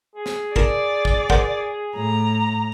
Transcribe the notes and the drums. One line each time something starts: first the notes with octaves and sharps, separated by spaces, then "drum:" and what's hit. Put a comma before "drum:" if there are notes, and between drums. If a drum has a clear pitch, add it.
G#4
drum: snare
A#4 D5 A5, drum: kick
drum: kick
A#4 C5 F#5, drum: kick
A2 A#5